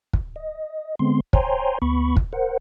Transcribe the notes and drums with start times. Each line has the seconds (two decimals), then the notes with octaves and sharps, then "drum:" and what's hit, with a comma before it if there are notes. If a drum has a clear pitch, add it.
0.13 drum: kick
0.36 D#5
0.99 D3 G#3 B3 C4 C6
1.33 C5 C#5 G5 G#5 A#5 C6, drum: kick
1.82 D2 B3 B5 C#6
2.17 drum: kick
2.33 A#4 C5 F#5